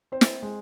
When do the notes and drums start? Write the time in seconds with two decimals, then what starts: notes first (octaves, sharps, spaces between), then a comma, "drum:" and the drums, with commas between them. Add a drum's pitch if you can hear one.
0.12 C4 C5
0.21 drum: snare
0.43 G#3